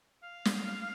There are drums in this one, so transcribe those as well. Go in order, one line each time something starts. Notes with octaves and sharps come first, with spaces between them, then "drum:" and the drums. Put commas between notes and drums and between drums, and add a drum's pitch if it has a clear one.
F5
drum: snare